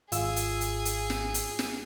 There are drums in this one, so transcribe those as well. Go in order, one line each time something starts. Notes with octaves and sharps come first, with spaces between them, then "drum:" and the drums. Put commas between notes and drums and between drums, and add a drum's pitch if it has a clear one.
G#1 F4 G#4 E6, drum: hi-hat
drum: hi-hat
drum: hi-hat
drum: hi-hat
drum: snare
drum: hi-hat
drum: snare